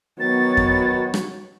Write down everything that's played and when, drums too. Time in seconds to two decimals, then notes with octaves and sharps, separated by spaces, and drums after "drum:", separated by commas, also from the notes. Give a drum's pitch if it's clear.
0.20 D#3 F#3 B3 F#4 C#5 A6
0.57 drum: kick F2
1.14 drum: rim click